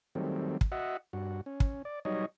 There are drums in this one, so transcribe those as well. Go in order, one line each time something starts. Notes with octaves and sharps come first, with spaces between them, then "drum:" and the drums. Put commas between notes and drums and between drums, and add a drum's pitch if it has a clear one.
D#3 F#3 G3 A3 C4
drum: kick
F#4 D#5 E5 F#5
G2 F#4
C#4
drum: kick
D5
F#3 G3 D#4 C#5 D#5